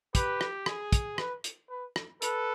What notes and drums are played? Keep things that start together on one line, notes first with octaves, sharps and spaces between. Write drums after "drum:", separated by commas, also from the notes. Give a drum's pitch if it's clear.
G4 B4, drum: kick, hi-hat
drum: rim click
G#4, drum: rim click
drum: kick, hi-hat
B4, drum: rim click
drum: hi-hat
B4
drum: rim click
A4 B4, drum: hi-hat